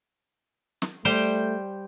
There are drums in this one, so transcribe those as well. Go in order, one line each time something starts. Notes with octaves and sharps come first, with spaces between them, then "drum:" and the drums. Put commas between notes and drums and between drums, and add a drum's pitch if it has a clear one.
drum: snare
G3 A3 C5 G5, drum: open hi-hat